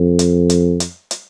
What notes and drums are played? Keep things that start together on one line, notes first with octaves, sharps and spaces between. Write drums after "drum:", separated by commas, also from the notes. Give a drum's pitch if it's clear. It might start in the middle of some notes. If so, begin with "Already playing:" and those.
Already playing: F2
drum: hi-hat
drum: hi-hat
drum: hi-hat
drum: hi-hat